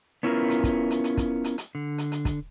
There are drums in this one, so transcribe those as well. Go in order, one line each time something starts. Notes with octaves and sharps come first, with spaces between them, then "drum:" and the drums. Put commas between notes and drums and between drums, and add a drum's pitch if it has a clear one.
B3 C#4 E4 F4 G4 A#4
drum: hi-hat
drum: kick, hi-hat
drum: hi-hat
drum: hi-hat
drum: kick, hi-hat
drum: hi-hat
drum: hi-hat
D3
drum: hi-hat
drum: hi-hat
drum: kick, hi-hat